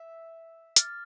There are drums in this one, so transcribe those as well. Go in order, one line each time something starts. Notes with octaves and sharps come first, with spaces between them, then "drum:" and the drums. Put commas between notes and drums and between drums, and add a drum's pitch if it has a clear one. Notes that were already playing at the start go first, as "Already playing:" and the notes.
Already playing: E5
D6 F6 A6, drum: hi-hat